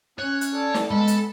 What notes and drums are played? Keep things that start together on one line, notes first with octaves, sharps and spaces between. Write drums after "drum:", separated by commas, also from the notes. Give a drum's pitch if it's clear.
C#4 C#5 F#6
drum: hi-hat
A4 D5
drum: snare
G#3 B3 A4 B5
drum: hi-hat